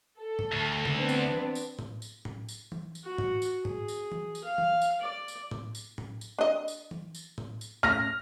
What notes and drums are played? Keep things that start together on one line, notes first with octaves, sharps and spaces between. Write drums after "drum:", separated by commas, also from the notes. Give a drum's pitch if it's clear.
A4
drum: tom G#2
D2
drum: tom
B3 C4 D4
drum: tambourine
drum: tom
drum: tambourine
drum: tom
drum: tambourine
drum: tom
drum: tambourine
drum: tom
drum: tambourine
F#4
drum: tom G#2
drum: tambourine
G#4, drum: tom G#2
drum: tambourine
drum: tom
drum: tambourine
F5
drum: tom
drum: tambourine
D5
drum: tambourine
drum: tom
drum: tambourine
drum: tom
drum: tambourine
D4 D#5
drum: tambourine
drum: tom
drum: tambourine
drum: tom
drum: tambourine
A3 F6 A#6, drum: tom